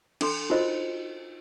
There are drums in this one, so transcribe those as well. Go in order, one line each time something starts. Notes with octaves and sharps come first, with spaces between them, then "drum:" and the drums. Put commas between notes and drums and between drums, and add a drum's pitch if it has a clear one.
D4 A4 C6, drum: cymbal
D#4 F4 F#4 A#4 C5 D#5